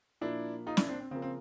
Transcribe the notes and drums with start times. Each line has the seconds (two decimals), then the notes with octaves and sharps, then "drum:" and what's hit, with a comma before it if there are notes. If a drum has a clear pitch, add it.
0.21 A#2 F3 A#3 D4 E4
0.67 D#4 F4
0.77 D4 E4, drum: snare
0.88 C4 D4
1.00 C4
1.11 C#3 F3 A#3 C4
1.22 C4